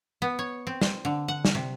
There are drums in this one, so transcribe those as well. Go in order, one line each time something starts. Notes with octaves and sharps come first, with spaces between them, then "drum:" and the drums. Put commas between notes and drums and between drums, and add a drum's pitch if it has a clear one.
B3
C#5
C4
C5, drum: snare
D3
F#5
drum: snare
C3